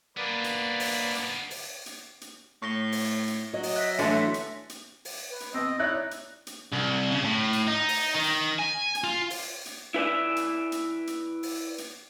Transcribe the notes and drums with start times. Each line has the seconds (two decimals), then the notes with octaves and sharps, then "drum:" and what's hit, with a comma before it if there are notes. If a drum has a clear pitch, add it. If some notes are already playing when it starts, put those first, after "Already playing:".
0.17 A#3 B3 D4 B4 D5
0.44 drum: hi-hat
0.80 drum: open hi-hat
1.15 drum: hi-hat
1.51 drum: open hi-hat
1.86 drum: hi-hat
2.21 drum: hi-hat
2.62 A2 C#6 A#6 G7
2.92 drum: open hi-hat
3.28 drum: hi-hat
3.54 F#3 D#5
3.63 drum: open hi-hat
3.76 E5 F#6 A#6
3.99 D3 E3 F#3 A3 C6 A6 C#7, drum: hi-hat
4.34 drum: hi-hat
4.69 drum: hi-hat
5.05 drum: open hi-hat
5.30 B4
5.40 drum: hi-hat
5.54 B2 C4 D#5 E6
5.79 D#4 E4 C#5 D5 F#6
6.11 drum: hi-hat
6.47 drum: hi-hat
6.73 C2
7.12 C#3
7.24 A2
7.53 drum: hi-hat
7.68 D#4
7.88 drum: open hi-hat
8.14 D#3
8.24 drum: hi-hat
8.59 G#5
8.95 drum: hi-hat
9.04 F4
9.30 drum: open hi-hat
9.66 drum: hi-hat
9.94 E4 B4 D5 E5
10.36 drum: hi-hat
10.72 drum: hi-hat
11.07 drum: hi-hat
11.43 drum: open hi-hat
11.78 drum: hi-hat